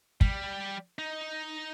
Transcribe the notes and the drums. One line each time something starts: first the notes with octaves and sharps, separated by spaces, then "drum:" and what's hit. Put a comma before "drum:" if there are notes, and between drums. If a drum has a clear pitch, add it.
G3, drum: kick
D#4